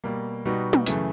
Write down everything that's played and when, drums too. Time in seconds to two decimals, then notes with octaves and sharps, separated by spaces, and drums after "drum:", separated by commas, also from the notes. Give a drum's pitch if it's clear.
0.04 B2 G3 A#3
0.45 B2 G3 B3 D#4 F#4
0.73 drum: tom
0.86 F#2 C#3 E3 A3, drum: hi-hat